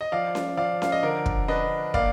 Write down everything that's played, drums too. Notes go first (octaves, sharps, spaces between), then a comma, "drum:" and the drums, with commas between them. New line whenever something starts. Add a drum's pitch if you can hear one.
D#5
F3 D5 F5
drum: snare C#4
F3 D5 F5
F5, drum: snare C#4
D#5
D3 A#4 D5
drum: kick
D4 B4 D#5
A#3 D5 F5, drum: kick